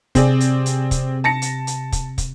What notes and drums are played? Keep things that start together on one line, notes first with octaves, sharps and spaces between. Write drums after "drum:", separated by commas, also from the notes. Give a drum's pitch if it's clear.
C3 C4 G#4 D5, drum: kick, hi-hat
drum: hi-hat
drum: hi-hat
drum: kick, hi-hat
A5 A#6 C#7
drum: hi-hat
drum: hi-hat
drum: kick, hi-hat
drum: kick, hi-hat